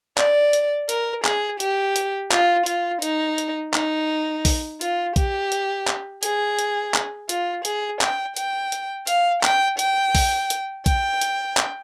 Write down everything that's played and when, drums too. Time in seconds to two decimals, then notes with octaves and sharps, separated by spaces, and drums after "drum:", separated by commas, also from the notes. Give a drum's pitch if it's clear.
0.18 D5, drum: clap
0.53 drum: hi-hat
0.89 A#4, drum: hi-hat
1.25 G#4, drum: clap
1.60 G4, drum: hi-hat
1.96 drum: hi-hat
2.31 F4, drum: clap
2.66 F4, drum: hi-hat
3.02 D#4, drum: hi-hat
3.38 drum: hi-hat
3.74 D#4, drum: clap
4.45 drum: kick A#1, open hi-hat
4.81 F4, drum: hi-hat
5.16 G4, drum: kick A#1, hi-hat
5.52 drum: hi-hat
5.87 drum: clap
6.23 G#4, drum: hi-hat
6.59 drum: hi-hat
6.94 drum: clap
7.29 F4, drum: hi-hat
7.65 G#4, drum: hi-hat
8.01 G5, drum: clap
8.36 G5, drum: hi-hat
8.72 drum: hi-hat
9.07 F5, drum: hi-hat
9.43 G5, drum: clap
9.79 G5, drum: hi-hat
10.15 drum: kick A#1, open hi-hat
10.50 drum: hi-hat
10.86 G5, drum: kick A#1, hi-hat
11.21 drum: hi-hat
11.57 drum: clap